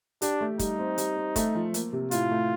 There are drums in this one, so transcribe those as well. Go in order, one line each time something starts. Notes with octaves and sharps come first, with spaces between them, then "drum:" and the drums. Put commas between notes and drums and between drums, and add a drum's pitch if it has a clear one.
D4 G4, drum: hi-hat
A3
G3 D#4, drum: kick, hi-hat
C4
G3, drum: hi-hat
C4
A3, drum: kick, hi-hat
F3
A#3, drum: hi-hat
C3
A2 F4, drum: hi-hat
A3